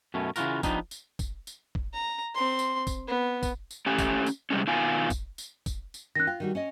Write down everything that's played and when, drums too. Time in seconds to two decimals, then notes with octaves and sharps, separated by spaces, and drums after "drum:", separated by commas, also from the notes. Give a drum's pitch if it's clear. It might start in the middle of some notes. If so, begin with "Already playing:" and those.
0.14 F#2 B2 A3 C#4
0.36 C#3 E3 F#3 F4 F#4 A#4, drum: tambourine
0.63 F3 B3 D4 D#4 G4, drum: kick, tambourine
0.91 drum: tambourine
1.19 drum: kick, tambourine
1.47 drum: tambourine
1.75 drum: kick
1.93 A#5
2.35 C4 C6
2.59 drum: tambourine
2.87 drum: kick, tambourine
3.08 B3
3.43 drum: kick, tambourine
3.71 drum: tambourine
3.86 A3 C#4 G4 G#5
3.99 drum: kick, tambourine
4.26 drum: tambourine
4.50 C3 G3 G#3 C#4
4.67 B2 D#3 F4 G#5
5.10 drum: kick, tambourine
5.38 drum: tambourine
5.66 drum: kick, tambourine
5.94 drum: tambourine
6.15 D#3 C#4 F#6 A#6
6.27 F4 G5
6.40 D#3 G3 F#4
6.55 C#4 C#5 D#5